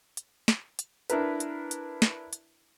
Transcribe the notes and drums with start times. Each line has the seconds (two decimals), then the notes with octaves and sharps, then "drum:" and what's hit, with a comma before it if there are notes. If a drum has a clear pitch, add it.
0.17 drum: hi-hat
0.48 drum: snare
0.79 drum: hi-hat
1.10 D4 E4 A#4 B4, drum: hi-hat
1.40 drum: hi-hat
1.71 drum: hi-hat
2.02 drum: snare
2.33 drum: hi-hat